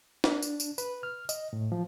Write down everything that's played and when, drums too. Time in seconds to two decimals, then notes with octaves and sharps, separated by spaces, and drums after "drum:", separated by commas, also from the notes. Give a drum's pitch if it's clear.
0.24 D4, drum: snare
0.42 drum: tambourine
0.60 drum: tambourine
0.78 B4, drum: tambourine
1.03 F6
1.29 D#5, drum: tambourine
1.53 A2
1.72 F3